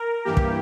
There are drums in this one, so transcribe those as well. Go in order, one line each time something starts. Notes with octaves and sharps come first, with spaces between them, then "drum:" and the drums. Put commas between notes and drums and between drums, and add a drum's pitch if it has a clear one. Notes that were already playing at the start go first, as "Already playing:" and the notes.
Already playing: A#4
G2 E3 A#3 G4
drum: kick